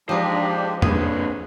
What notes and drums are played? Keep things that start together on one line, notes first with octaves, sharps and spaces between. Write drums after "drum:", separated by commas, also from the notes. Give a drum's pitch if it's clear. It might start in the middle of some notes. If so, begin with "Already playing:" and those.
F3 G#3 D4 D#4 G4 C5 A#5
A#2 D3 G#4 B4, drum: tom E2